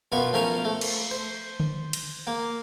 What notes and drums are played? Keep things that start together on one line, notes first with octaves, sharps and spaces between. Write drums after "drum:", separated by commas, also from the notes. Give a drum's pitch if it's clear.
F#2 B2 F4 B5 C#6
F3 A3 C#4 A#4 A#5
A3
drum: cymbal
C5
drum: tom D3
drum: cymbal
A#3